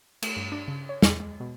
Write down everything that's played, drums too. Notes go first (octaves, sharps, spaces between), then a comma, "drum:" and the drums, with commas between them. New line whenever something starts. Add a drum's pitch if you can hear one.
A3, drum: cymbal
G2
D4
C#3
C#5
E2, drum: snare
G#3
B2